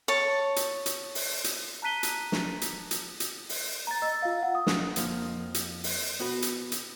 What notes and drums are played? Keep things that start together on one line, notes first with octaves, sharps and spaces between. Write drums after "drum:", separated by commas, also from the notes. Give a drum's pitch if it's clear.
C#5 A5
drum: hi-hat
drum: hi-hat
drum: open hi-hat
drum: hi-hat
A5 A#5 F#6 B6 D#7 G7
drum: hi-hat
drum: snare
drum: hi-hat
drum: hi-hat
drum: hi-hat
drum: open hi-hat
A#5 A6
D#5 E6 A6
F4 F5
F#5
D#6
drum: snare
F2 F3 A#3, drum: hi-hat
drum: hi-hat
drum: open hi-hat
B3 F#4 B4
drum: hi-hat
drum: hi-hat